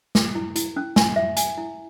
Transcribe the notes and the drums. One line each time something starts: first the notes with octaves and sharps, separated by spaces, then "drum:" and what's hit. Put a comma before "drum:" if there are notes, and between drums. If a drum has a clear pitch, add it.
A4, drum: snare
E4
E4, drum: hi-hat
C#4
G#5, drum: snare
E5
G#5, drum: hi-hat
E4